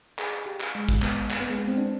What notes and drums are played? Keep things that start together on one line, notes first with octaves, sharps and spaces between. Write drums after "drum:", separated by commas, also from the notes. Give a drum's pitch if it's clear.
G#4, drum: clap
G4
drum: clap
G#3
drum: kick
B3, drum: clap
drum: clap
B3
G#3
B3
C4
D4